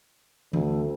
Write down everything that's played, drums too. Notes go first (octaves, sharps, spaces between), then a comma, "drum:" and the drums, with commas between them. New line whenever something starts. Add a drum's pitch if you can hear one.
D2 A3, drum: tom E3